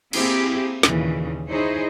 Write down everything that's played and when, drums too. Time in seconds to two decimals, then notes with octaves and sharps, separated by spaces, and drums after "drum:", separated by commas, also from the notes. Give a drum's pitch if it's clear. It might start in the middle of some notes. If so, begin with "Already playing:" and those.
0.13 A#3 C4 E4 G4 G#4, drum: cymbal
0.83 D#2 A#2 C#3 E3, drum: snare
1.49 D#4 E4 G#4 C5 C#5